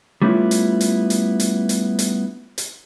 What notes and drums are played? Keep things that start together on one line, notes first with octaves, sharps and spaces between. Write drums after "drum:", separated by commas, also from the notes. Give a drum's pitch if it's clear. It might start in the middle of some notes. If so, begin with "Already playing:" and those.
G3 A3 B3 C#4 E4 F4
drum: hi-hat
drum: hi-hat
drum: hi-hat
drum: hi-hat
drum: hi-hat
drum: hi-hat
drum: hi-hat